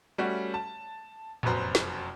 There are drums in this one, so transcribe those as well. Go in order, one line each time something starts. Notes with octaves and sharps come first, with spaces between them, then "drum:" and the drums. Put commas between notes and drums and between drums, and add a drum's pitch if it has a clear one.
G3 A3 C#4 F#4
A5
F1 F#2 B2 B4 C5 A#5, drum: tom A2
drum: snare